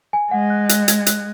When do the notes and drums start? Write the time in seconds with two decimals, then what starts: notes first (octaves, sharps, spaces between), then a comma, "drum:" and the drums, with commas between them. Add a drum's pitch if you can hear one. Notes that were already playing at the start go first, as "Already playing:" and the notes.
0.13 G#5
0.31 G#3 F#5
0.50 F#6
0.69 F#6, drum: hi-hat
0.88 G#6, drum: hi-hat
1.06 F#6, drum: hi-hat